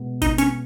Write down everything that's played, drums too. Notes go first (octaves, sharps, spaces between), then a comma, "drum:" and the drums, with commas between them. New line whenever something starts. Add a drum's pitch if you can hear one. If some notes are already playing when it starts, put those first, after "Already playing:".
Already playing: B2 G#3 B3
D#4, drum: kick, hi-hat
C#4, drum: hi-hat